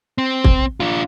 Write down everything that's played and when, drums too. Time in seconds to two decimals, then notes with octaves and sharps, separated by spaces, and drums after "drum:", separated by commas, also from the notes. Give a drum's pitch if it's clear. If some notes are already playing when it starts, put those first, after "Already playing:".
0.18 C4
0.44 drum: kick
0.80 D4 F4